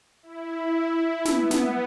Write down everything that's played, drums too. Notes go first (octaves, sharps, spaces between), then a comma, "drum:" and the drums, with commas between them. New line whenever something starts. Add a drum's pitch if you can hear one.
E4
B3, drum: snare
drum: snare